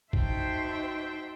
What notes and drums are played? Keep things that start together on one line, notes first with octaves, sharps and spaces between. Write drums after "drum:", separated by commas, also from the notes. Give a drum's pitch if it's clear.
D#4 F#4 C5 E5 G5 A5, drum: kick